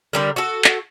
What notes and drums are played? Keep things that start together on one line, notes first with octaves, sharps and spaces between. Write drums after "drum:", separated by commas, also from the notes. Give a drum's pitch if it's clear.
D3 G3 A#4
F#4 A4
drum: clap